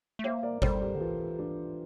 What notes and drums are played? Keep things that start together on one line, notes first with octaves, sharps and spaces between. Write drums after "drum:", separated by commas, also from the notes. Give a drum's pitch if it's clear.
A3
A#3 C5 E5
A#4 D5
G3 A4 C5, drum: kick G1
G4 A#4
D3
E3 F4 A4
D4 F4